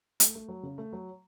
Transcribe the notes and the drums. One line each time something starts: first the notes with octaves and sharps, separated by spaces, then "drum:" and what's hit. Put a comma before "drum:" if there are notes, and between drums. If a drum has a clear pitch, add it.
A3, drum: hi-hat
A3
F#3
C#3
A3
F#3